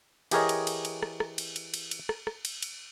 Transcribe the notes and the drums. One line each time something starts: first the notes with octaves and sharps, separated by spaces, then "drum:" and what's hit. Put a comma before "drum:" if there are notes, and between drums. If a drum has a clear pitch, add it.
E3 G4 G#4 A#4 C#5 D#5, drum: cymbal
drum: cymbal
drum: cymbal
drum: cymbal
drum: rim click
drum: rim click
drum: cymbal
drum: cymbal
drum: cymbal
drum: cymbal
drum: rim click
drum: rim click
drum: cymbal
drum: cymbal